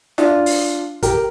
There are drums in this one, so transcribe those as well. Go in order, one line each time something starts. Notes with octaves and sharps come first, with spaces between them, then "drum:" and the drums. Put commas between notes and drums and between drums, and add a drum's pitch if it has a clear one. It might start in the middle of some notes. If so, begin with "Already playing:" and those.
D4 F4, drum: snare
drum: open hi-hat
G4 A#4, drum: kick, hi-hat